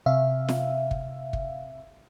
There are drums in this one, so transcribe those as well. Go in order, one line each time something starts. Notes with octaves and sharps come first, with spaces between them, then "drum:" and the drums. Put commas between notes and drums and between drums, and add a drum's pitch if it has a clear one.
C3 E5 F5
drum: snare
drum: kick
drum: kick